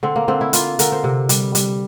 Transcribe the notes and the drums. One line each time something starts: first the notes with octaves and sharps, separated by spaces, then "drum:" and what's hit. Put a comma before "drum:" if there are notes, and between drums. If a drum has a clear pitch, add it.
D3 C4
A#3
D3 C4
E4
A#3 F4, drum: hi-hat
D3 A#4, drum: hi-hat
C5
C3
G3, drum: hi-hat
G3, drum: hi-hat